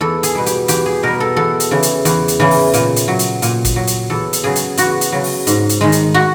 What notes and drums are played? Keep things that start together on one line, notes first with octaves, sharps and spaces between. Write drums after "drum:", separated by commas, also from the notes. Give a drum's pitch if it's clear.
E2 A4
G#4, drum: hi-hat
B2 G3
G4, drum: hi-hat
E2 G4, drum: hi-hat
G#4
B2 G3 A#4
A4
E2 A4
drum: hi-hat
C#3 E3
drum: hi-hat
E2, drum: hi-hat
drum: hi-hat
C#3 E3
drum: open hi-hat
A#2, drum: hi-hat
drum: hi-hat
F#3
drum: hi-hat
A#2, drum: hi-hat
drum: kick, hi-hat
F#3
drum: hi-hat
E2 A4
drum: hi-hat
C#3 F#3 G#4
drum: hi-hat
E2 F#4, drum: hi-hat
drum: hi-hat
C#3 F#3
drum: open hi-hat
G#2, drum: hi-hat
drum: hi-hat
D#3 G#3
drum: hi-hat
F#4